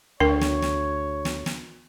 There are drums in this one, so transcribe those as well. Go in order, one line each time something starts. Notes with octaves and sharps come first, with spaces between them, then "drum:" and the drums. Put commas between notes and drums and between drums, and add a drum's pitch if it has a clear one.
D2 D4 A#4 C#5 G5
drum: snare
drum: snare
drum: snare
drum: snare